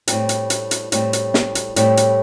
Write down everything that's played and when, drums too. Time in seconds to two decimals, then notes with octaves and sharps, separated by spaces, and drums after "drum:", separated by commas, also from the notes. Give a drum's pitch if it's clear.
0.08 A2 G3 C4, drum: hi-hat
0.29 drum: hi-hat
0.50 drum: hi-hat
0.71 drum: hi-hat
0.92 A2 G3 C4, drum: hi-hat
1.13 drum: hi-hat
1.34 drum: snare
1.55 drum: hi-hat
1.76 A2 G3 C4, drum: hi-hat
1.97 drum: hi-hat